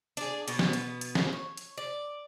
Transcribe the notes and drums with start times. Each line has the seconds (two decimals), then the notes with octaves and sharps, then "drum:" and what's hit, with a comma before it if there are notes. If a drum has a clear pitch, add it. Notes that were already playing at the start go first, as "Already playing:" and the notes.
0.17 D4 G#4, drum: hi-hat
0.48 B2 B3, drum: hi-hat
0.59 drum: snare
0.73 drum: hi-hat
1.01 drum: hi-hat
1.15 drum: snare
1.33 C#5
1.57 drum: hi-hat
1.78 D5